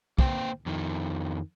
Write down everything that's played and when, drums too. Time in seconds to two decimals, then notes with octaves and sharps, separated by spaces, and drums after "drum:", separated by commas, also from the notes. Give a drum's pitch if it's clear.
0.19 A#3 C5 G5, drum: kick B1
0.66 F2 D#3